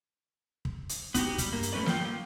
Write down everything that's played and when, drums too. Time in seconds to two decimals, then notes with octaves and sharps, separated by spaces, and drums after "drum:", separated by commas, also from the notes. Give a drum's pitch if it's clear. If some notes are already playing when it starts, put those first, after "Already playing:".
0.65 drum: kick
0.89 drum: hi-hat
1.14 B3 D#4 F#4 G4, drum: kick, hi-hat
1.38 G3, drum: kick, hi-hat
1.52 G2 A#3
1.63 drum: hi-hat
1.73 G3 A3 C#4 B4 D5
1.86 G3 A#3 F4 G5, drum: snare
2.01 A#3